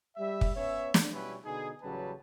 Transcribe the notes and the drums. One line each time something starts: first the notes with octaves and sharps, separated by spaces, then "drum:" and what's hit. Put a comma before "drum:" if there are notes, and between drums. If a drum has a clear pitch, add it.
G3 E5
drum: kick
B3 C#4 C#5 E5
drum: snare
B2 G3 B3 C#4 E4 B4
B2 D3 D#4 G#4
A1 C#3 F#3 G3 B4 A5